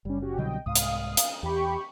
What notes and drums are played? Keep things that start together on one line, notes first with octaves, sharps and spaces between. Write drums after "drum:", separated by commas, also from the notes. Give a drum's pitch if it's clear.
F#1 G3 C#4
C#4 F#4 G4
C2 B2 D3 F#3 D#5 G5
C2 G#2 F5 D#6
drum: hi-hat
drum: hi-hat
E2 G4 B5 C#6